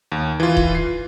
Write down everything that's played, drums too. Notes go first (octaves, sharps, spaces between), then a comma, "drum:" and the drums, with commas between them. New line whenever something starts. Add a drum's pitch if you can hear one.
D#2
E3 F4
drum: kick D#1
C7